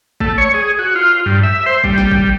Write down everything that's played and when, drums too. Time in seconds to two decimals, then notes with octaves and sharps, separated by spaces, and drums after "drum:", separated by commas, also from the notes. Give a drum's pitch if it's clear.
0.20 A3, drum: kick
0.38 C#5
0.54 G#4
0.79 F#4
0.95 F4
1.26 G2
1.43 E5
1.66 C5
1.84 G3, drum: kick
1.98 drum: snare
2.11 drum: kick